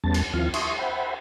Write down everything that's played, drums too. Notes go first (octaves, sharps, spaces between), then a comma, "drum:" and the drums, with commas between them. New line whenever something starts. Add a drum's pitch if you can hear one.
E2 G3 B3 C#4 A5 A6
drum: cymbal
D#2 F3 C4 E4 F4 F6
E5 C6 C#6 D#6, drum: cymbal
C5 E5 F#5 G5 B5